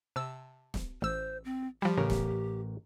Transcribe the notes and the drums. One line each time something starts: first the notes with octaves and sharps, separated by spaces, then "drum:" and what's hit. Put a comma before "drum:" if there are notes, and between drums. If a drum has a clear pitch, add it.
C3 A5 E6
drum: snare
A1 C5 E6
C4
F3 G3 G4
A1 C#3 A#4 C#5
drum: snare